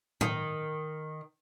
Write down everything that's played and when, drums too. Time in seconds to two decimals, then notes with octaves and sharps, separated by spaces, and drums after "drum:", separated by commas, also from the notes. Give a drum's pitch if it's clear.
0.21 D#3, drum: tom A2